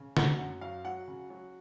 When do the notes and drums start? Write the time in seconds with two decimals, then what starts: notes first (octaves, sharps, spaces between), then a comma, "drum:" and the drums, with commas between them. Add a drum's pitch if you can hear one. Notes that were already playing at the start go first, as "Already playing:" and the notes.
Already playing: C#3
0.17 F#3 F#5, drum: snare
0.39 F#2 F#5
0.61 F#3 F5
0.85 F#3 F#5
1.07 C#3
1.30 F#3